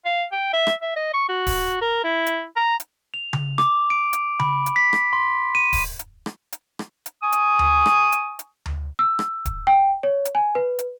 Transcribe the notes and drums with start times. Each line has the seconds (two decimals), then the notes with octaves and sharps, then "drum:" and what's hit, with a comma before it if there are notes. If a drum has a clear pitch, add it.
0.05 F5
0.32 G5
0.53 E5
0.67 drum: rim click
0.82 E5
0.96 D#5
1.14 C#6
1.29 F#4
1.47 drum: kick D1, open hi-hat
1.82 A#4
2.04 E4
2.26 drum: hi-hat
2.56 A#5
2.80 drum: hi-hat
3.14 F7
3.33 drum: tom C#3
3.58 D6, drum: rim click
3.90 D7
4.13 drum: hi-hat
4.39 B5, drum: tom C#3
4.66 drum: hi-hat
4.76 B6
4.93 drum: rim click
5.13 C6
5.55 D#7
5.73 drum: kick D1, open hi-hat
5.99 drum: hi-hat
6.26 drum: rim click
6.53 drum: hi-hat
6.79 drum: rim click
7.06 drum: hi-hat
7.22 G#5 C#6 D#6
7.32 drum: hi-hat
7.59 drum: tom D2
7.86 drum: rim click
8.12 drum: hi-hat
8.39 drum: hi-hat
8.66 drum: tom D2
8.99 E6
9.19 drum: rim click
9.45 drum: kick D1, hi-hat
9.67 G5
10.03 C#5
10.25 drum: hi-hat
10.35 G#5
10.55 B4
10.79 drum: hi-hat